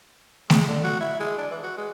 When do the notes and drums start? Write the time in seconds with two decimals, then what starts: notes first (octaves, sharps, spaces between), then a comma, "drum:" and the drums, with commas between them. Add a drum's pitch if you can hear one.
0.50 G#3, drum: snare A3
0.68 D3
0.84 F#4
1.00 E4
1.20 G#3
1.38 D4
1.51 E3
1.63 F#4
1.77 G#3